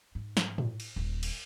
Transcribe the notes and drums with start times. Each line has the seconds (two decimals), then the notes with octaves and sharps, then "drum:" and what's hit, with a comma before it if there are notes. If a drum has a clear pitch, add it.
0.15 G#2
0.37 drum: snare
0.58 drum: tom A2
0.80 drum: cymbal
0.96 D#1
1.23 drum: cymbal